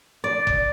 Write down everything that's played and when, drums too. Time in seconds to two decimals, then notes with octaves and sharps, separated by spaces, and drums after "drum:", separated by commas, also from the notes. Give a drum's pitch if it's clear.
0.24 D5
0.47 drum: kick F#1